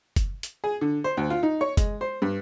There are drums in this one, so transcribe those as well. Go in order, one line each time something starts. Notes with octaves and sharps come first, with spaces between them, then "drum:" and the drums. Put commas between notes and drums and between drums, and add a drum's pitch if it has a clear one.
drum: kick F#1, hi-hat
drum: hi-hat
G#4
D3
C5
D2
F4
D#4
C#5
G#3, drum: kick F#1, hi-hat
C5
G2